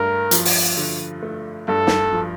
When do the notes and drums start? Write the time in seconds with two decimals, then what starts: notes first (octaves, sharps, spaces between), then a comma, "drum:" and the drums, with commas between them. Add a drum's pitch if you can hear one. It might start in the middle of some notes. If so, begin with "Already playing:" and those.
Already playing: G2 A3 A#4
0.31 F3, drum: hi-hat
0.45 drum: open hi-hat
0.77 D3
1.23 A3
1.68 G2 A4
1.87 drum: snare
2.13 F3